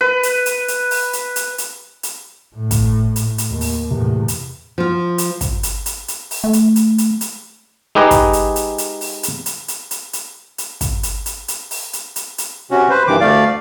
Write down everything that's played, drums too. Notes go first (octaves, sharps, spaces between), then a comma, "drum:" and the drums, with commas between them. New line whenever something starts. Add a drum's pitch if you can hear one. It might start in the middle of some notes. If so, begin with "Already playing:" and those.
B4
drum: hi-hat
drum: hi-hat
drum: hi-hat
drum: open hi-hat
drum: hi-hat
drum: hi-hat
drum: hi-hat
drum: hi-hat
A2
drum: kick, hi-hat
drum: hi-hat
drum: hi-hat
D#2
drum: open hi-hat
E2 A2 C3
drum: hi-hat
F3 F4
drum: hi-hat
drum: kick, hi-hat
drum: hi-hat
drum: hi-hat
drum: hi-hat
drum: open hi-hat
A3
drum: hi-hat
drum: hi-hat
drum: hi-hat
drum: hi-hat
G#3 D#4 G4 G#4 B4 D#5
drum: kick, hi-hat
drum: hi-hat
drum: hi-hat
drum: hi-hat
drum: open hi-hat
drum: hi-hat
drum: hi-hat
drum: hi-hat
drum: hi-hat
drum: hi-hat
drum: hi-hat
drum: kick, hi-hat
drum: hi-hat
drum: hi-hat
drum: hi-hat
drum: open hi-hat
drum: hi-hat
drum: hi-hat
drum: hi-hat
C3 C#4 F#4
B4 C5
G2 C3 D#3 E3 D6
D2 A3 D5 F5